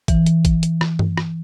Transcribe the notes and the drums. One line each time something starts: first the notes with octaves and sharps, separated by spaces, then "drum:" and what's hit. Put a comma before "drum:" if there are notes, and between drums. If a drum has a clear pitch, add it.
E3, drum: kick, hi-hat
drum: hi-hat
drum: kick, hi-hat
drum: hi-hat
drum: rim click
drum: tom G2
drum: rim click